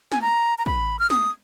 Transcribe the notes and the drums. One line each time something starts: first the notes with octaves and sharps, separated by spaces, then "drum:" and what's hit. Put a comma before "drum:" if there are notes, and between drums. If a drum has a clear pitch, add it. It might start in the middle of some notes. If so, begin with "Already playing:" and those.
G#5, drum: snare
A#5
A#5
B5, drum: kick
F6
D#6, drum: snare